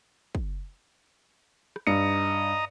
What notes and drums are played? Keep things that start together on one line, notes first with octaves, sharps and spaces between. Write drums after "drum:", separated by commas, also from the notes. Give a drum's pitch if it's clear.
drum: kick
drum: rim click
G2 D#5 A#5 C#7